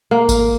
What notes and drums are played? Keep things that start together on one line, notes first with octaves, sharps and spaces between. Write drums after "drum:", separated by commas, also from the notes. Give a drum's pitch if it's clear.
A#3
drum: kick G#1, tambourine